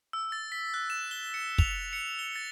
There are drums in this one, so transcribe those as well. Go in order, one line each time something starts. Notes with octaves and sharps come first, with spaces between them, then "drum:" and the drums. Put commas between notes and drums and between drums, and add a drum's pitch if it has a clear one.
E6
A6
B6
F#6
E7
G7
C#7
F7, drum: kick
C#7
G7
A6